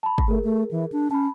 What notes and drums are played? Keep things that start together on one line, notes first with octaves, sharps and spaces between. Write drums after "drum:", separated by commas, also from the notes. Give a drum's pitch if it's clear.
A5 B5
drum: kick
A3 G#4 A#4
A3
E3
D4
C#4 A5 B5